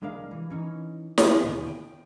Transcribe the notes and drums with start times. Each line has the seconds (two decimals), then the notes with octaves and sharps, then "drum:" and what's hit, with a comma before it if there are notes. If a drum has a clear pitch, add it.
0.02 C2 G#3 D4 A#4 F5
0.31 E3
0.50 E3 C#4 D#4
1.18 drum: snare
1.43 D#2 B2 D3 G5 G#5
1.67 G5